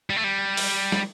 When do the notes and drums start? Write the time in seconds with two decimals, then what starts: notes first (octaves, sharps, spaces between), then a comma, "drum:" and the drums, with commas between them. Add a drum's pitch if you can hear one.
0.10 G3
0.16 A3
0.24 G3
0.57 drum: open hi-hat
0.92 drum: snare